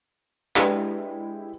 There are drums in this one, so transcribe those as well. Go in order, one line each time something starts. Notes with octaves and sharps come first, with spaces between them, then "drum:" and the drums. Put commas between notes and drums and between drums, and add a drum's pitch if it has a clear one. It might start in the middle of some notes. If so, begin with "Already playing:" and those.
G#3 D4 E4 G4 B4 D5 G5, drum: clap